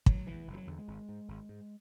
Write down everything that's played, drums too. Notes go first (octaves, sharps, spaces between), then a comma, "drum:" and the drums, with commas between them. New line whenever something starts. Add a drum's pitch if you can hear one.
F#1 F#3, drum: kick
E2 D3 E3
F#1
E3
F#3
E2 D3
G#3
G#1
G#2
G#1
G#2